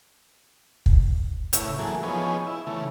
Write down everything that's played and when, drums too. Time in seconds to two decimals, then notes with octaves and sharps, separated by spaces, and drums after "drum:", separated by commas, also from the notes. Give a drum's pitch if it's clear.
0.86 drum: kick
1.53 A2 C#3 E4, drum: hi-hat
1.79 E3 F#3 A#3 G#4 A4
2.03 F3 B3 C#4 D#4 G#4
2.47 E4
2.67 C#3 E3 A3